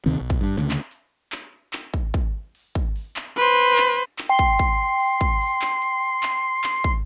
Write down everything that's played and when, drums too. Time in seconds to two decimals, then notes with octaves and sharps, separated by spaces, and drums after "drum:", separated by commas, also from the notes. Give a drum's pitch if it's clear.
0.06 D2 C3 D#3 C4
0.21 B1
0.30 drum: kick
0.41 G2
0.58 D2 C#3
0.71 drum: clap
0.91 drum: hi-hat
1.32 drum: clap
1.73 drum: clap
1.94 drum: kick
2.14 drum: kick
2.55 drum: open hi-hat
2.75 drum: kick
2.96 drum: open hi-hat
3.16 drum: clap
3.37 B4 C5, drum: hi-hat
3.78 drum: clap
4.18 drum: clap
4.29 G5 C6
4.39 drum: kick
4.59 drum: kick, hi-hat
5.00 drum: open hi-hat
5.21 drum: kick
5.41 drum: open hi-hat
5.62 drum: clap
5.82 drum: hi-hat
6.23 drum: clap
6.64 drum: clap
6.84 drum: kick